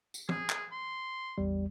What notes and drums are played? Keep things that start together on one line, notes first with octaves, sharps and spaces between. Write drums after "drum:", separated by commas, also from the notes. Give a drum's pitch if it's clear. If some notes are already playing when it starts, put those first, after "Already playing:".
drum: tambourine
G#4, drum: tom
drum: clap
C6
A1 E2 G3